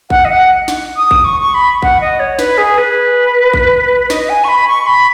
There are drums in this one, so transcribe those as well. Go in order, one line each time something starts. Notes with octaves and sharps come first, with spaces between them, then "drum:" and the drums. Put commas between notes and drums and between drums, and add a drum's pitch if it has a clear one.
F#5, drum: kick A1
D#5
F#5
drum: snare
D#6
drum: kick A1
C#6
C#6
B5
F#5, drum: kick A1
D#5
C#5
B4, drum: snare
G#4
B4
drum: kick A1
D#5, drum: snare
G#5
C#6
B5
C#6
B5